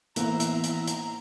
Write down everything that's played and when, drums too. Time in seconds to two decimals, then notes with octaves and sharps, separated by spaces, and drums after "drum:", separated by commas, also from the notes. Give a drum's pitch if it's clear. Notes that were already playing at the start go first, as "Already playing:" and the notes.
0.16 A2 E3 A#3 B3 C5 E5 A#5, drum: hi-hat
0.40 drum: hi-hat
0.64 drum: hi-hat
0.87 drum: hi-hat